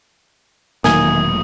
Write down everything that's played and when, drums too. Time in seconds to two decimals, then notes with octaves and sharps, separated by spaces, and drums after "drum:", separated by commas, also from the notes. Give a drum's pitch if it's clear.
0.84 E1 A#2 D#3 F#3 A#3 G#5 D#6 G#6, drum: snare